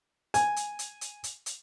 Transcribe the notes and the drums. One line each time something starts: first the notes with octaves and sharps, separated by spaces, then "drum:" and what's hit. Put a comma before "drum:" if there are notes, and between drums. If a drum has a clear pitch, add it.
G#5, drum: hi-hat
drum: hi-hat
drum: hi-hat
drum: hi-hat
drum: hi-hat
drum: hi-hat